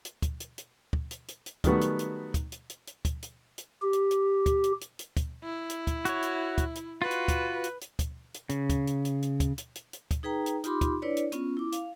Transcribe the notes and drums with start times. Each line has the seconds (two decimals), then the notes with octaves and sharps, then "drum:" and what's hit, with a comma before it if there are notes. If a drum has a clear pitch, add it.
0.05 drum: hi-hat
0.22 drum: kick, hi-hat
0.40 drum: hi-hat
0.58 drum: hi-hat
0.93 drum: kick
1.11 drum: hi-hat
1.28 drum: hi-hat
1.46 drum: hi-hat
1.64 D#3 F#3 G3 A3 B3 F#4, drum: kick, hi-hat
1.81 drum: hi-hat
1.99 drum: hi-hat
2.34 drum: kick, hi-hat
2.52 drum: hi-hat
2.70 drum: hi-hat
2.87 drum: hi-hat
3.05 drum: kick, hi-hat
3.22 drum: hi-hat
3.58 drum: hi-hat
3.82 G4
3.93 drum: hi-hat
4.11 drum: hi-hat
4.46 drum: kick, hi-hat
4.64 drum: hi-hat
4.81 drum: hi-hat
4.99 drum: hi-hat
5.17 drum: kick, hi-hat
5.44 E4
5.70 drum: hi-hat
5.87 drum: kick, hi-hat
6.05 F#4 C#5, drum: hi-hat
6.22 drum: hi-hat
6.58 drum: kick, hi-hat
6.75 drum: hi-hat
7.02 F4 F#4 B4
7.11 drum: hi-hat
7.28 drum: kick, hi-hat
7.64 drum: hi-hat
7.81 drum: hi-hat
7.99 drum: kick, hi-hat
8.34 drum: hi-hat
8.49 C#3, drum: hi-hat
8.70 drum: kick, hi-hat
8.87 drum: hi-hat
9.05 drum: hi-hat
9.22 drum: hi-hat
9.40 drum: kick, hi-hat
9.58 drum: hi-hat
9.75 drum: hi-hat
9.93 drum: hi-hat
10.11 drum: kick, hi-hat
10.23 D#4 G#4 B4 G5 A#5
10.46 drum: hi-hat
10.64 D#4 F4 G4 B5 C6 D6, drum: hi-hat
10.81 drum: kick, hi-hat
11.02 D4 E4 B4 C#5 D5
11.17 drum: hi-hat
11.32 B3 C#4 F4, drum: hi-hat
11.57 E4 D6
11.72 F5, drum: hi-hat